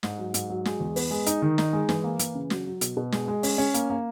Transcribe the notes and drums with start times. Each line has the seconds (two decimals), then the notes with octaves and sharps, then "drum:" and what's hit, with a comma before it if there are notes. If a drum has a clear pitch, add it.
0.03 G#2, drum: snare
0.18 F#3
0.34 G#2, drum: hi-hat
0.50 F#3
0.65 G#3, drum: snare
0.80 E2
0.96 B3, drum: open hi-hat
1.11 G#3
1.26 D#4, drum: hi-hat
1.42 D#3
1.58 D#4, drum: snare
1.73 G#3
1.89 E3, drum: snare
2.04 A#3
2.19 E3, drum: hi-hat
2.35 C#3
2.50 F#3, drum: snare
2.66 F#3
2.81 B2, drum: hi-hat
2.97 B2
3.12 G#3, drum: snare
3.28 G#3
3.43 C#4, drum: open hi-hat
3.58 C#4
3.74 A#3, drum: hi-hat
3.90 A#3